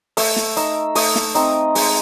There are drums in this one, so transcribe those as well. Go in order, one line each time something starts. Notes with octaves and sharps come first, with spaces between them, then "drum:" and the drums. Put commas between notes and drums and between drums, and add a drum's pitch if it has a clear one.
A3 E6, drum: open hi-hat
drum: snare
D#4 E6, drum: hi-hat
A3 D#6, drum: open hi-hat
drum: snare
C4 D#4, drum: hi-hat
G#3, drum: open hi-hat